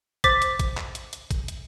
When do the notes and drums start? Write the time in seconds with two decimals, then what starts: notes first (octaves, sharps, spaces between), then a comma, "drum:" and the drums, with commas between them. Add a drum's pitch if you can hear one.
0.24 C5 D6 A6 B6, drum: kick, hi-hat
0.42 drum: hi-hat
0.59 drum: kick, hi-hat
0.77 drum: clap
0.95 drum: hi-hat
1.13 drum: hi-hat
1.31 drum: kick, hi-hat
1.48 drum: hi-hat